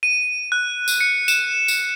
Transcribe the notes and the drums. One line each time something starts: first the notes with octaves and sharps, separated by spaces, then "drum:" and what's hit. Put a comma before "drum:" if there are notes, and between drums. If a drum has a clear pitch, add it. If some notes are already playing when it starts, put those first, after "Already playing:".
D#7
F#6
drum: tambourine
C#7
E7, drum: tambourine
drum: tambourine